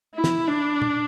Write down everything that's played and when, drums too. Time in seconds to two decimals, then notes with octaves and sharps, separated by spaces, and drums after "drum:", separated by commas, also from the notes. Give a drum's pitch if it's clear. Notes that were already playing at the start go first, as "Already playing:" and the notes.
0.15 E4
0.24 drum: snare
0.48 D4
0.82 drum: tom